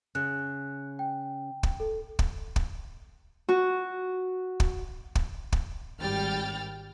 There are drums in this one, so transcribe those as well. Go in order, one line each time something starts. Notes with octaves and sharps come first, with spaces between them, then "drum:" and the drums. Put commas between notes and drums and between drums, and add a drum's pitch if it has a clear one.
C#3 F#6
G5
drum: kick
A4
drum: kick
drum: kick
F#4
drum: kick
drum: kick
drum: kick
G#1 G3 G5 F6 A6